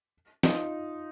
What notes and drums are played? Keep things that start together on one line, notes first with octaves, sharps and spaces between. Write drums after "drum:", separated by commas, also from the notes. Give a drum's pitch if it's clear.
D#4 F4, drum: snare